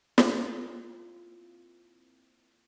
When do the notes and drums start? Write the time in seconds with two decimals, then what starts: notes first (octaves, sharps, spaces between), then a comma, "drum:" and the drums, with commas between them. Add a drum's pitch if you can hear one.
0.18 A#3 C4 E4 F4, drum: snare